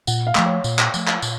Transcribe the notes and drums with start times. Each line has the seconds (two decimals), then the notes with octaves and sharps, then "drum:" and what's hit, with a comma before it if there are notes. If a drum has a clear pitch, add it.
0.07 A#2 F#5, drum: tambourine
0.27 F5
0.35 F3 A3, drum: clap
0.46 C#5
0.64 A#2, drum: tambourine
0.79 drum: clap
0.94 F3 A3, drum: tambourine
1.08 drum: clap
1.22 A#2, drum: tambourine